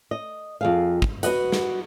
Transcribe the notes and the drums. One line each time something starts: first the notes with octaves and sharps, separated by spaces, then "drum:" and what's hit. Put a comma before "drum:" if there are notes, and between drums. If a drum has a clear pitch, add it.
D#5
F2 G#4 F5
drum: kick
F#4 B4 D#5 F#5, drum: hi-hat
drum: snare